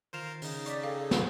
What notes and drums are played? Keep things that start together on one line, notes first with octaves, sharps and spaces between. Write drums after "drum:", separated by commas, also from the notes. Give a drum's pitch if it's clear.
D#3 F4 A#4 C5 C7 E7 F7
C#3 D#4, drum: open hi-hat
D5 C#6 D6 B6, drum: hi-hat
G#4 A4 F5 G5 A#6
drum: snare